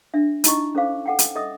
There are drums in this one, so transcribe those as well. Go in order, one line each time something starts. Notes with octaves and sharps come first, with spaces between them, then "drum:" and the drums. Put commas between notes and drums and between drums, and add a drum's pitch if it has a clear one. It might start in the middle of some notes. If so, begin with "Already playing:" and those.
D4 E5
D#4 E4 D#5 C#6, drum: hi-hat
C#4 A4 C5 F5 D6
A4 F#5 G5
drum: hi-hat
A4 D#5 E5 D#6